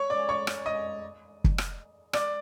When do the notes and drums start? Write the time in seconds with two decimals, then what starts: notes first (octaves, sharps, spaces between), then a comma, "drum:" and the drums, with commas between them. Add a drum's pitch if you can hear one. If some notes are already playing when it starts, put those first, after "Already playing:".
Already playing: C#5 C#6
0.10 D5 D6
0.29 C#5 C#6
0.47 drum: rim click
0.66 D#5 D#6
1.44 drum: kick
1.58 drum: rim click
2.13 D5 D6, drum: rim click